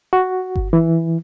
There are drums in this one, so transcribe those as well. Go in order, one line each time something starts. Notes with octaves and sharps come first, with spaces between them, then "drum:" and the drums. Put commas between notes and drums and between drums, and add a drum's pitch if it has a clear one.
F#4
drum: kick G1
E3